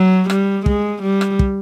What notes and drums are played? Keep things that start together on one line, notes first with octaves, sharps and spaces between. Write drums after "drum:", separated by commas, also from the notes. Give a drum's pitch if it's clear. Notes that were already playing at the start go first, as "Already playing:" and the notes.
Already playing: F#3
G3, drum: rim click
G#3, drum: kick
G3
drum: rim click
drum: kick